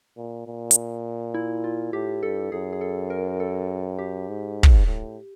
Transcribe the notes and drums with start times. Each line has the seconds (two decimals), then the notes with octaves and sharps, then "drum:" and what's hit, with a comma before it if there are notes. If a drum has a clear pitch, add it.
0.17 A#2
0.47 A#2
0.71 drum: hi-hat
1.34 E4
1.64 F4
1.93 A2 G4
2.23 G2 A4
2.52 F#2 G#4
2.73 G#4
2.81 A4
3.10 A#4
3.40 A4
3.99 G4
4.28 G#2
4.63 drum: kick
4.87 A2